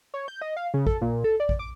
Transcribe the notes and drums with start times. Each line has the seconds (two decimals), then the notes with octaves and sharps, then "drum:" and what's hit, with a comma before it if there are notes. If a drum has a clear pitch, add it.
0.14 C#5
0.28 G6
0.42 D#5
0.57 F5
0.74 C#3
0.87 A4, drum: kick A1
1.01 A#2
1.24 A4
1.40 D5
1.49 drum: kick A1
1.59 D6